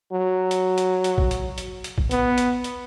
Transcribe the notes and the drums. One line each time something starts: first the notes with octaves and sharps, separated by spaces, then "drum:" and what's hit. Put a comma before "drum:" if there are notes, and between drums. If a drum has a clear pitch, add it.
F#3
drum: hi-hat
drum: hi-hat
drum: hi-hat
drum: kick
drum: hi-hat
drum: hi-hat
drum: hi-hat
drum: kick
B3, drum: hi-hat
drum: hi-hat
drum: hi-hat